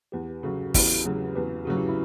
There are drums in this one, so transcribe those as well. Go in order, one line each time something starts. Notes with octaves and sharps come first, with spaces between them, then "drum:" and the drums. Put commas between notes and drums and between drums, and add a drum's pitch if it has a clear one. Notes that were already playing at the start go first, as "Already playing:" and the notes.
E2 G4 B4
C#3 F#3 F#4 A4
E2 E4 G4, drum: kick, open hi-hat
C#3 F#3
E2 G4 B4
C#3 F#3 F#4
E4 G4
E4